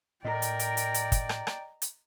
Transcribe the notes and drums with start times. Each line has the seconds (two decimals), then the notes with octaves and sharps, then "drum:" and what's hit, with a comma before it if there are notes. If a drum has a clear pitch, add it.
0.25 A2 A#4 D5 D#5 G5 A#5
0.42 drum: hi-hat
0.59 drum: hi-hat
0.77 drum: hi-hat
0.94 drum: hi-hat
1.12 drum: kick, hi-hat
1.29 drum: rim click
1.47 drum: rim click
1.82 drum: hi-hat